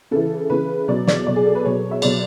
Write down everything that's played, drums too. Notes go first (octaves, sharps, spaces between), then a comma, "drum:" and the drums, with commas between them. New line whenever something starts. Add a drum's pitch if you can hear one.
C#3 E3 A4
C#3 E3 B4
B2 F#3 D5
D5, drum: snare
B2 F#3 D5
G#4
A4
B4
B2 F#3 C#5
E5
B2 F#3 D5, drum: cymbal